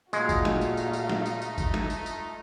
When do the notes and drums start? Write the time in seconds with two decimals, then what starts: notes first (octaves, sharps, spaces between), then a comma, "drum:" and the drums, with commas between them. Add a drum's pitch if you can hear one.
0.13 A#2 G#3 A3 D#4 F4 F#4 F5, drum: tambourine
0.29 drum: kick G1, tambourine
0.45 drum: snare
0.61 drum: tambourine
0.77 drum: tambourine
0.93 drum: tambourine
1.09 drum: snare
1.26 drum: tambourine
1.42 drum: tambourine
1.58 drum: kick G1, tambourine
1.74 drum: snare
1.90 drum: tambourine
2.06 drum: tambourine